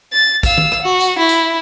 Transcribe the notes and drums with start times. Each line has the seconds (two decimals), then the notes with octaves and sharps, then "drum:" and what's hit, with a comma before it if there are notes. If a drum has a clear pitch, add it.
0.13 A6
0.43 F5 E6, drum: kick, tambourine
0.58 drum: tom D#3
0.72 drum: rim click
0.82 F#4
1.00 drum: tambourine
1.18 E4
1.29 drum: tambourine